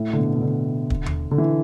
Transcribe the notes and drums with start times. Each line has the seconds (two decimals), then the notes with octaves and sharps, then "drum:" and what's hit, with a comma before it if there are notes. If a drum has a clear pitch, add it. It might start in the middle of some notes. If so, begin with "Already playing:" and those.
Already playing: A2
0.13 D3
0.18 B2
0.33 B2
0.42 D3
0.90 drum: kick
1.06 drum: tom D#2
1.31 D3
1.38 E3